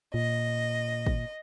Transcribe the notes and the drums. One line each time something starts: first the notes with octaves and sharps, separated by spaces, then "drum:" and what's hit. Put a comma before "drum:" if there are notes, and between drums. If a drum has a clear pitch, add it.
A#2 D#5
drum: kick